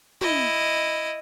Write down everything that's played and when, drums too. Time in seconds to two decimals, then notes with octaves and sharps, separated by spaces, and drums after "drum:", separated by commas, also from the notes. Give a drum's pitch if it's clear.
0.21 E4 D#5, drum: tom